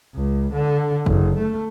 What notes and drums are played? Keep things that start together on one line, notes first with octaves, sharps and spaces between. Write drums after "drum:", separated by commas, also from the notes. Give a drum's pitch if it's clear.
C#2
D3
F#1, drum: kick
A3